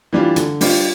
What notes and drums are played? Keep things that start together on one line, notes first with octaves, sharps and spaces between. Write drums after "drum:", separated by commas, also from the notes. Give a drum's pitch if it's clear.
E3 G3 D4 F4
D3, drum: hi-hat
G3 D4 F4, drum: open hi-hat